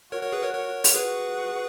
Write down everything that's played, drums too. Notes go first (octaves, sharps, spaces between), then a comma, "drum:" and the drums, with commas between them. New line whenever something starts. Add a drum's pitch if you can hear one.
F#4 A#4 C#5
A#4 C#5
G#4 B4
A#4 C#5
A#4 C#5
drum: open hi-hat
F#4 G#4 B4